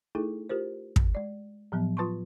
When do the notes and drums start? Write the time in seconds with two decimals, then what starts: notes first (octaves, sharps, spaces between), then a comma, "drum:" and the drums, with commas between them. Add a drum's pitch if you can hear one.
0.15 A3 D#4 E4 G#4 A4
0.49 F4 G4 A#4 C5
0.96 drum: kick
1.15 G#3 D5
1.72 A2 F3 F#3 B3
1.97 F4 B4 A5 C6 C#6